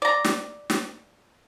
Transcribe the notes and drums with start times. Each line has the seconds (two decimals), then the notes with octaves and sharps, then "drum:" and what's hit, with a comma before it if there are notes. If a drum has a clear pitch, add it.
0.02 D5 A#5
0.24 drum: snare
0.70 drum: snare